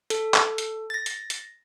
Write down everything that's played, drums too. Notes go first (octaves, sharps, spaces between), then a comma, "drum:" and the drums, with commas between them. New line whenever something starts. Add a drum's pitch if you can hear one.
A4, drum: hi-hat
drum: clap
drum: hi-hat
A6 A#6
drum: hi-hat
drum: hi-hat